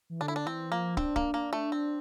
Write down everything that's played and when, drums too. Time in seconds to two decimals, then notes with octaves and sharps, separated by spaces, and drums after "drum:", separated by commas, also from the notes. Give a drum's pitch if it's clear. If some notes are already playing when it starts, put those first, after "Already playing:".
0.10 E3
0.21 D3 D4
0.28 E4
0.36 D4
0.46 E3 C4
0.71 F3 A#3
0.97 C4 D4, drum: kick
1.16 A#3, drum: kick
1.34 A#3
1.53 A3
1.72 C4